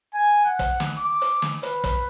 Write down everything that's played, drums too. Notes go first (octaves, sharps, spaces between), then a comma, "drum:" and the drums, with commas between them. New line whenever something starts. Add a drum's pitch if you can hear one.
G#5
F#5
drum: kick, hi-hat
drum: snare
D6
drum: hi-hat
drum: snare
B4, drum: hi-hat
drum: kick, hi-hat